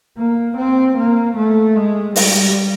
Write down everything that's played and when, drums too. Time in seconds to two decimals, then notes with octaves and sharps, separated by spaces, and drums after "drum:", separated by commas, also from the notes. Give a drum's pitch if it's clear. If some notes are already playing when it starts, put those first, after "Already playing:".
0.17 A#3
0.57 C4
0.97 A#3
1.37 A3
1.76 G#3
2.16 G3, drum: open hi-hat